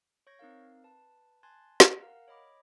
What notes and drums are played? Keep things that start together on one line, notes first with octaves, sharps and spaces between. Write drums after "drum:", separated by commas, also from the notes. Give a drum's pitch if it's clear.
C#5 C#6 G6 G#6 A#6
C4 D#4 A#4 F5
B4 A5
G#5 A5 C6 F#6 G#6 A6
drum: snare
A#4 F5 F#5 A#5
C#5 D#5 B5 D6